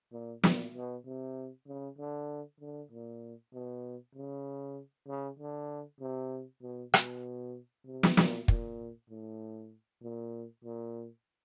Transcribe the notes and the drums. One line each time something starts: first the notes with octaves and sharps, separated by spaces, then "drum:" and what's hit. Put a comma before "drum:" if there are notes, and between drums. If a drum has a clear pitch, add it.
A#2
A#2, drum: snare
B2
C3
C#3
D3
D3
A#2
B2
C#3
C#3
D3
C3
B2
B2, drum: rim click
C3
drum: snare
A#2, drum: snare
A#2, drum: kick
A2
A#2
A#2